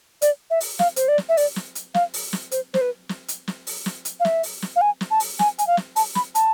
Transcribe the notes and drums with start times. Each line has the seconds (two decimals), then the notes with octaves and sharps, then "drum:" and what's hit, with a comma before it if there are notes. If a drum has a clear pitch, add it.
0.22 D5, drum: hi-hat
0.50 E5
0.60 drum: open hi-hat
0.79 F5, drum: snare
0.96 C5, drum: hi-hat
1.08 D5
1.18 drum: snare
1.29 E5
1.37 D5, drum: open hi-hat
1.56 drum: snare
1.75 drum: hi-hat
1.94 F5, drum: snare
2.14 drum: open hi-hat
2.33 drum: snare
2.51 C5, drum: hi-hat
2.74 C5, drum: snare
2.81 B4
3.09 drum: snare
3.28 drum: hi-hat
3.48 drum: snare
3.67 drum: open hi-hat
3.86 drum: snare
4.05 drum: hi-hat
4.20 F5
4.25 E5, drum: snare
4.43 drum: open hi-hat
4.62 drum: snare
4.76 F5
4.81 G#5
5.01 drum: snare
5.11 A5
5.20 drum: open hi-hat
5.39 G#5, drum: snare
5.59 G#5, drum: hi-hat
5.67 F5
5.77 drum: snare
5.96 A5, drum: open hi-hat
6.15 B5, drum: snare
6.35 A5, drum: hi-hat